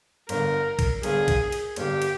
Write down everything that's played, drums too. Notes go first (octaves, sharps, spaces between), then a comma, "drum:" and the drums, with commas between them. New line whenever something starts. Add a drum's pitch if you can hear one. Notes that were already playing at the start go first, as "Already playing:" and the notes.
G1 G2 D3 A#4, drum: cymbal
drum: kick, cymbal
G1 G2 D3 G#4, drum: cymbal
drum: kick, cymbal
drum: cymbal
G1 G2 D3 G4, drum: cymbal
drum: cymbal